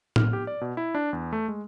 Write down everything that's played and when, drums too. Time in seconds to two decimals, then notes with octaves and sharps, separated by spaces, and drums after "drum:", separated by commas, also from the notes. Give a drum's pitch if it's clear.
0.16 F6, drum: tom A2
0.33 G4
0.47 D5
0.61 B2
0.77 E4
0.95 D4
1.13 E2
1.33 A3
1.48 G#3